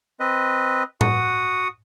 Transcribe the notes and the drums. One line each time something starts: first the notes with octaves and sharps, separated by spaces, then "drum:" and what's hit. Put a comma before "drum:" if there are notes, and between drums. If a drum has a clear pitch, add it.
C4 B4 D#5
F#4 F#5 D#6, drum: tom A2